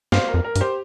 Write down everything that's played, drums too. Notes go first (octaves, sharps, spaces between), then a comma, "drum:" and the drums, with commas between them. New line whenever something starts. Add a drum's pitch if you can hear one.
G2 C5 F5, drum: snare
A#4
F2
A#4
G2, drum: hi-hat
G4 C5